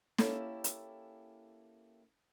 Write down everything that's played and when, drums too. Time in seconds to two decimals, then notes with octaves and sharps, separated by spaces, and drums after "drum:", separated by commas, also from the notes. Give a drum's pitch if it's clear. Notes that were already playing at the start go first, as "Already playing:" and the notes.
0.18 A#3 C#4 E4 G4 A4, drum: snare
0.64 drum: hi-hat